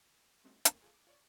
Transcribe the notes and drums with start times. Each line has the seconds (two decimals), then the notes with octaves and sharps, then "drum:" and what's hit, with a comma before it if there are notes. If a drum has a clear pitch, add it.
0.44 G3 A3 C4 C#4 D#4 F#4
0.65 D2 D#3 F#3 A3 A#3 C4, drum: hi-hat
0.82 A3 F4 G#4
0.94 D6
1.07 F4 C#5 D5